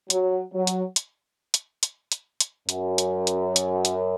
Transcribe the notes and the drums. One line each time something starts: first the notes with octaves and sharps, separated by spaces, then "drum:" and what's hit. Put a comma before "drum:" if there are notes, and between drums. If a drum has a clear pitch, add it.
F#3, drum: hi-hat
F#3
drum: hi-hat
drum: hi-hat
drum: hi-hat
drum: hi-hat
drum: hi-hat
drum: hi-hat
F#2, drum: hi-hat
drum: hi-hat
drum: hi-hat
drum: hi-hat
drum: hi-hat